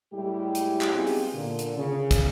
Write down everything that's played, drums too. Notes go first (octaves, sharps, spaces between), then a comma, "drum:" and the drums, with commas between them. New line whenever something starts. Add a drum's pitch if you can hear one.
A2 G3 G#3 E4 G4
drum: hi-hat
drum: clap
B3 C4 D#4 F4 G4 G#4
drum: open hi-hat
A#2 D3
drum: hi-hat
C#3
drum: kick, hi-hat